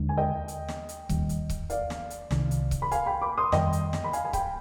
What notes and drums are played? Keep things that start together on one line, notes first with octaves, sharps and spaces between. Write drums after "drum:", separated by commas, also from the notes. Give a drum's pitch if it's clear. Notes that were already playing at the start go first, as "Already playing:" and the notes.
Already playing: D#2 D3 G#3 D4
G#5
D#5 G5
drum: hi-hat
drum: snare
drum: hi-hat
D#2 D#3 G3, drum: kick C#1, hi-hat
drum: hi-hat
drum: kick C#1, hi-hat
D5 F5, drum: hi-hat
drum: snare
drum: hi-hat
C2 C3 D#3, drum: snare
drum: hi-hat
drum: kick C#1, hi-hat
B5
F5 G#5, drum: hi-hat
G5 B5
B5 D6
C6 D#6
F2 D#3 G3 D#5 G5, drum: snare
drum: hi-hat
drum: snare
B5
F5 G#5, drum: hi-hat
G#5
G5 B5, drum: kick C#1, hi-hat